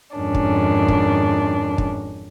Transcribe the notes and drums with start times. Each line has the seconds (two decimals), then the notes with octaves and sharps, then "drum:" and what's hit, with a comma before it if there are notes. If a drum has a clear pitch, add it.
0.17 F2 G#2 D#3 C#4 D4
0.35 drum: kick
0.88 drum: kick
1.78 drum: kick